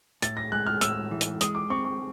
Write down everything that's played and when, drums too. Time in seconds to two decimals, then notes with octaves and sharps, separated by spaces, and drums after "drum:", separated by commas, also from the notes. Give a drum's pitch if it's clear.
0.22 A2 A6, drum: hi-hat
0.37 A#6
0.52 G#3 F#6
0.66 F6
0.81 A2 E6, drum: hi-hat
1.11 E3
1.21 drum: hi-hat
1.41 G#3 D#6, drum: hi-hat
1.55 D6
1.70 C4 C#6
1.84 C#6